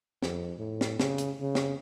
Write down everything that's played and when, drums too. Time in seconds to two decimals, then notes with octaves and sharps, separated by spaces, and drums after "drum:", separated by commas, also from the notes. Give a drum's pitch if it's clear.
0.22 F2, drum: snare
0.59 A2
0.81 drum: snare
1.00 C#3, drum: snare
1.18 drum: hi-hat
1.41 C#3
1.55 drum: snare